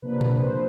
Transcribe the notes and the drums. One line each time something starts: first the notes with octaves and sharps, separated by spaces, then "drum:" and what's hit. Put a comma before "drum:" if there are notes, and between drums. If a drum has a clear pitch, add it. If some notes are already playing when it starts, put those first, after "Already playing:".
C3 F3 A#3 D4 B4
drum: tom A#2
C5